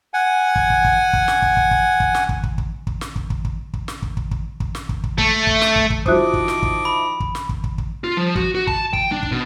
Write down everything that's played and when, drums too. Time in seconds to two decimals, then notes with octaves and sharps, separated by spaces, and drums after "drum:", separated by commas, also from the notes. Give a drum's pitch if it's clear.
0.14 F#5 G#5
0.56 drum: kick
0.70 drum: kick
0.84 drum: kick
1.13 drum: kick
1.28 drum: snare
1.42 drum: kick
1.57 drum: kick
1.71 drum: kick
2.00 drum: kick
2.15 drum: snare
2.29 drum: kick
2.43 drum: kick
2.58 drum: kick
2.87 drum: kick
3.01 drum: snare
3.16 drum: kick
3.30 drum: kick
3.45 drum: kick
3.73 drum: kick
3.88 drum: snare
4.02 drum: kick
4.17 drum: kick
4.31 drum: kick
4.60 drum: kick
4.75 drum: snare
4.89 drum: kick
5.04 drum: kick
5.18 A3, drum: kick
5.47 drum: kick
5.61 drum: snare
5.76 drum: kick
5.90 drum: kick
6.06 D#3 F3 E4 F#4 A4 C5 D6 D#6, drum: kick
6.34 drum: kick
6.48 drum: snare
6.63 drum: kick
6.85 B5
7.20 drum: kick
7.35 drum: snare
7.49 drum: kick
7.64 drum: kick
7.78 drum: kick
8.04 F4
8.17 F3
8.36 F#4, drum: kick
8.55 F#4
8.67 A5, drum: kick
8.93 G5, drum: kick
9.12 D4
9.23 drum: kick
9.32 B2